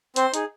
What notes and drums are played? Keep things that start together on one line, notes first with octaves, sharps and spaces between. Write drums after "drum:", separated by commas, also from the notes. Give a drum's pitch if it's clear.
C4 C5, drum: hi-hat
D#4 G#4, drum: hi-hat